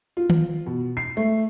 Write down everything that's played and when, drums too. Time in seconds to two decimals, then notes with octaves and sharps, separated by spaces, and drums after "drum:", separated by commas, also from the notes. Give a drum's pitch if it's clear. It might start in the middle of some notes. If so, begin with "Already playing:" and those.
0.17 F4
0.30 drum: tom D#3
0.66 B2
0.97 C7
1.17 A3